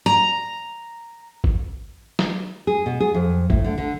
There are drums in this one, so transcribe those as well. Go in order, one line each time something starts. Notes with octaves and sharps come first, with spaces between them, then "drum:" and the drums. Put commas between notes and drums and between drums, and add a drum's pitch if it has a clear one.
A#5
drum: kick G#1
drum: snare
G#4
B2
G#4
F2
A2, drum: kick G#1
D3
D3